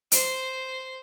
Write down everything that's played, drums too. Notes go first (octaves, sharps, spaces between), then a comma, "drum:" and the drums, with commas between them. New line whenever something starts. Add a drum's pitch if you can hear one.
C5, drum: hi-hat